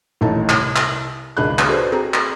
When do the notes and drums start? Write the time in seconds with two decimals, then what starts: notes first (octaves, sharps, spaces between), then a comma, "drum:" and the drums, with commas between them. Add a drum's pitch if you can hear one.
0.21 A1 D#2 D#4 E4 A4 A5
0.49 C2, drum: clap
0.76 drum: clap
1.37 G#1 C#2 D4 G#4 B5 F#6
1.59 drum: clap
1.69 F#4 G#4 A4 B4 C5 D5
1.92 C4 F#4 G#4 A4 A#5
2.14 drum: clap